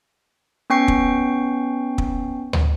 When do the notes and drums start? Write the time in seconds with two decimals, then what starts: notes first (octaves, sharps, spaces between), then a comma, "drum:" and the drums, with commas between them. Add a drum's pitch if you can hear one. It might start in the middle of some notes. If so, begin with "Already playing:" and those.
0.70 B3 C#4 G5 C#6 C7
0.88 drum: kick
1.98 drum: kick
2.53 drum: tom D2